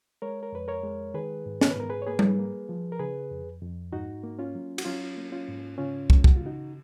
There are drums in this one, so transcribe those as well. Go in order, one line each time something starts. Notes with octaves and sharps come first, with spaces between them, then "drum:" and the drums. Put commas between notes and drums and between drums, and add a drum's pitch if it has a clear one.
G#3 A#4 C#5
A#4
F2 B4
A#4 C#5
G#3
D#3 G#4 B4
G#2
C#5, drum: snare
B4
G#2 A#4
G#4 B4
C#5
A#3 G#4 B4
drum: tom G3
A#3
F3
A#4
C#3 G#4 B4
F2
F2
G#2 D#4 F#4
A#3
C#4 F4
F#3
F#4, drum: cymbal
F#3 C#4 F4
A#3
C#4 F4
G#2
C#3 C#4 F4
G#3, drum: kick
F#4, drum: kick
C#3 F4
D#4 F#4